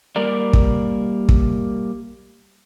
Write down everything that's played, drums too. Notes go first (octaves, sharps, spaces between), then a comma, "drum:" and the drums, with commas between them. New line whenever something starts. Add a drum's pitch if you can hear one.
G3 A#3 A#4 D5
drum: kick
drum: kick